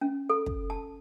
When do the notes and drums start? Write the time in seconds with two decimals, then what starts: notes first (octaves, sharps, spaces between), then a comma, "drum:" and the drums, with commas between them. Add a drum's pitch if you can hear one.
0.01 C#4
0.29 A4
0.46 drum: kick
0.70 A5